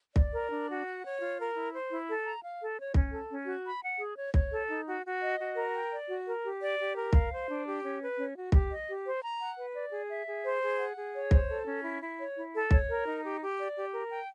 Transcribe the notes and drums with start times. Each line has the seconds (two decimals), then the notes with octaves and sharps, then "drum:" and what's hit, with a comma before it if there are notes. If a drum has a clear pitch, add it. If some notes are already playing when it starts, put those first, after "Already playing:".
0.16 D5, drum: kick
0.33 A#4
0.51 D4
0.68 F#4
0.86 F#5
1.03 C#5
1.20 F4
1.37 A#4
1.55 E4
1.72 C5
1.90 E4
2.08 A4
2.25 A#5
2.42 F5
2.60 A4
2.77 C#5
2.94 C#4, drum: kick
3.12 A4
3.30 C#4
3.47 F#4
3.64 B5
3.82 F#5
3.99 G#4
4.16 C#5
4.34 C#5, drum: kick
4.51 A4
4.69 D#4
4.86 F#4
5.03 F#4
5.21 D#5
5.39 F#4
5.55 A#4
5.74 G5
5.91 D5
6.08 F#4
6.26 A#4
6.43 G4
6.60 D5
6.78 G4
6.95 A#4
7.13 F5, drum: kick
7.31 C5
7.48 D4
7.65 G4
7.83 C#4
8.01 B4
8.17 C#4
8.35 F#4
8.52 G4, drum: kick
8.70 D#5
8.88 G4
9.04 C5
9.22 A#5
9.39 F#5
9.57 B4
9.74 D5
9.91 G#4
10.09 E5
10.27 G#4
10.44 C5
10.62 G#4
10.79 F#5
10.96 G#4
11.13 C#5
11.31 C5, drum: kick
11.49 A4
11.66 C#4
11.83 E4
12.01 E4
12.18 C#5
12.36 E4
12.53 A4
12.71 C#5, drum: kick
12.87 A#4
13.05 D#4
13.23 G4
13.40 G4
13.58 D5
13.75 G4
13.93 A#4
14.10 G5